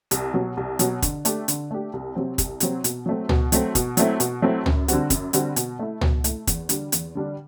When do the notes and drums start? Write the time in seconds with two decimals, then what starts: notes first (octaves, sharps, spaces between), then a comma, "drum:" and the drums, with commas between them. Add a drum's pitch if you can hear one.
0.11 C2, drum: hi-hat
0.34 B2 F#3
0.57 C2
0.79 B2 F#3, drum: hi-hat
1.02 D3, drum: kick, hi-hat
1.25 A3 D4 G4, drum: hi-hat
1.48 D3, drum: hi-hat
1.71 A3 D4 G4
1.93 C2
2.15 C3 F#3 C4
2.38 C2, drum: kick, hi-hat
2.60 C3 F#3 C4, drum: hi-hat
2.84 B2, drum: hi-hat
3.06 F#3 A3 C4
3.29 B2, drum: tom
3.52 F#3 A3 C4, drum: hi-hat
3.75 B2, drum: kick, hi-hat
3.97 F#3 A3 C4 E4, drum: hi-hat
4.20 B2, drum: hi-hat
4.42 F#3 A3 C4 E4
4.66 F#2, drum: tom
4.88 D3 G3 C4 F#4, drum: hi-hat
5.10 F#2, drum: kick, hi-hat
5.33 D3 G3 C4 F#4, drum: hi-hat
5.56 B2, drum: hi-hat
5.79 A3 E4
6.01 B2, drum: tom
6.24 A3 E4, drum: hi-hat
6.47 E2, drum: kick, hi-hat
6.69 D3 G3 D4, drum: hi-hat
6.92 E2, drum: hi-hat
7.15 D3 G3 D4